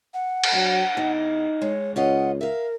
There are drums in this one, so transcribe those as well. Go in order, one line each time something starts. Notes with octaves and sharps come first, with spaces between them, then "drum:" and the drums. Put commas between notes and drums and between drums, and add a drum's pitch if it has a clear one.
F#5
drum: cymbal
F#3 D4
E2 D#4
G#3 C#5
C#2 C#4 F4 D#5 F#5
A#4 E5 F5